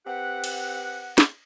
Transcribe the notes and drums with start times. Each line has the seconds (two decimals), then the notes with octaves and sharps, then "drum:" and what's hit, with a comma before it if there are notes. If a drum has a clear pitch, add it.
0.07 C4 G4 B4 F#5
0.44 drum: cymbal
1.18 drum: snare